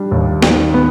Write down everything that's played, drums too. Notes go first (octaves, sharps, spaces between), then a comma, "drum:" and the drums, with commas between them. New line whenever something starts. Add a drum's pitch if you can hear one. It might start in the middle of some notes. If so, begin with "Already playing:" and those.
Already playing: G3 D4
D#2
D#3, drum: snare
B3